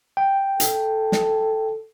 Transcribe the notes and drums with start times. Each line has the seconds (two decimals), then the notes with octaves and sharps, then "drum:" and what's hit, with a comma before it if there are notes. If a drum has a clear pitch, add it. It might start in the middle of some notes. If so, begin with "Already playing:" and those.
0.17 G5
0.60 A4, drum: hi-hat
1.12 drum: snare